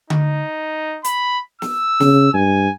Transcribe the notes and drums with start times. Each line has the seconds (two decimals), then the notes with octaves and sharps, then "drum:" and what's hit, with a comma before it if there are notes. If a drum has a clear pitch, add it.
0.10 D#4, drum: tom D3
1.04 B5, drum: hi-hat
1.62 E6, drum: snare
2.00 C#3, drum: snare
2.34 G2 G#5